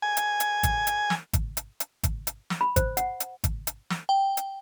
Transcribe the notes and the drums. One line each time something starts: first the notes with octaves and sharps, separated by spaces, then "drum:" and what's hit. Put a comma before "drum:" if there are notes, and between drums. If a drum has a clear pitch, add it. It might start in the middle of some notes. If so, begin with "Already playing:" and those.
G#5
drum: hi-hat
drum: hi-hat
drum: kick G#1, hi-hat
drum: hi-hat
drum: snare
drum: kick G#1, hi-hat
drum: hi-hat
drum: hi-hat
drum: kick G#1, hi-hat
drum: hi-hat
drum: snare
B5
C5, drum: kick G#1, hi-hat
F#5, drum: hi-hat
drum: hi-hat
drum: kick G#1, hi-hat
drum: hi-hat
drum: snare
G5
drum: hi-hat